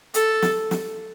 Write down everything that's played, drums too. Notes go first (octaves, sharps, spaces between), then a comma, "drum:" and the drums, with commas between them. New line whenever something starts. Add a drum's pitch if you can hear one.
A4, drum: hi-hat
drum: snare
drum: snare